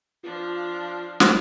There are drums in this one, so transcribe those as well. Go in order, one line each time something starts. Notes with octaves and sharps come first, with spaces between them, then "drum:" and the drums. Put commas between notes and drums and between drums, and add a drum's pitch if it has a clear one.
F3 D4 F4
drum: snare